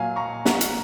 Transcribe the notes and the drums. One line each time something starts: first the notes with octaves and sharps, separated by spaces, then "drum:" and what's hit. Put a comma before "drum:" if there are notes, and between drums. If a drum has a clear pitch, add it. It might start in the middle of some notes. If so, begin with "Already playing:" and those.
Already playing: A#2 F#3 F5 G#5
A#5 C#6
A#2 F#3 F#5 A#5, drum: snare
drum: hi-hat